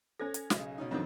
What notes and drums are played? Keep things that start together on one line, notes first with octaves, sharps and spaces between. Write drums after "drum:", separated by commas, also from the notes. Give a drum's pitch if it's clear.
C#4 A4 C5 G#6 A#6
drum: hi-hat
B1 C#3 D#5, drum: snare
B2 C#4 D#4
F2 D3 D#3 F#3 C4